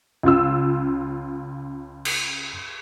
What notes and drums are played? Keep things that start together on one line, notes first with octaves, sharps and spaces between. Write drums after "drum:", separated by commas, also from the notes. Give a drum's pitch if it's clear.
C#2 C#3 F4 E6
drum: cymbal